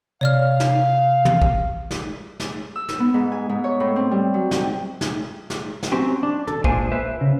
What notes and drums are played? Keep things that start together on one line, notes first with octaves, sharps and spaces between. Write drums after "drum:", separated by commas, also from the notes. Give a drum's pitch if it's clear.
C3 C#5 D5 F5 F6
drum: snare
drum: tom
drum: kick
drum: snare
drum: snare
E6
drum: snare
B3
G#2
G#5
G#2
C#5
A2
C4
G3
F#3
G5, drum: snare
drum: snare
drum: snare
drum: snare
F#3 C4 C#4 G4
D4
A4, drum: tom
A#2 G#3 D4 C5 G#5, drum: kick
B4 C5 E5
C#3